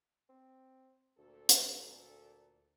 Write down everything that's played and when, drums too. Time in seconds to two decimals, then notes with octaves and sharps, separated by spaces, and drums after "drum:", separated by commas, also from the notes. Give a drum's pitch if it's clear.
0.29 C4
1.18 D2 A#2 A4
1.49 drum: hi-hat